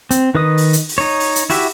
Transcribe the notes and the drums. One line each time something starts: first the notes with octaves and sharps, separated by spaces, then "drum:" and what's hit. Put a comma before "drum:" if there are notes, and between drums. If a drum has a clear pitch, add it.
C4, drum: hi-hat
D#3 B4 D#5 D#6
drum: open hi-hat
drum: hi-hat
drum: open hi-hat
D#4 C#5
drum: open hi-hat
drum: hi-hat
E4 F#4 G4 E5, drum: open hi-hat